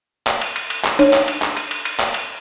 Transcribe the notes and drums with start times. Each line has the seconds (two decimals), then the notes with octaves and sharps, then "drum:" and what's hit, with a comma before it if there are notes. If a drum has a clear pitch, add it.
0.27 drum: clap
0.41 drum: cymbal
0.56 drum: cymbal
0.70 drum: cymbal
0.85 drum: clap
0.99 D4 D#4 C#5, drum: cymbal
1.13 drum: clap
1.28 drum: cymbal
1.42 drum: clap
1.57 drum: cymbal
1.71 drum: cymbal
1.85 drum: cymbal
2.00 drum: clap
2.14 drum: cymbal